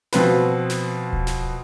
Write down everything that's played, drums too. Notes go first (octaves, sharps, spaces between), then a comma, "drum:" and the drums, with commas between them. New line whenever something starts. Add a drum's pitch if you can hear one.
B2 F3 C4 B4, drum: snare
drum: snare
drum: kick D1
drum: snare